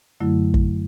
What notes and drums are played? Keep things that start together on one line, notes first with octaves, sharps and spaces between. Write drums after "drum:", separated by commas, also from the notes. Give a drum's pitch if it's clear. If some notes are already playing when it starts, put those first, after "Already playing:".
F#2 D3 F#3 A3 E4
drum: kick